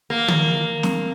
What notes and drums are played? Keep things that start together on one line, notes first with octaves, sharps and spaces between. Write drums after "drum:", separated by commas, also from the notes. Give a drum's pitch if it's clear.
A#3
drum: tom
drum: snare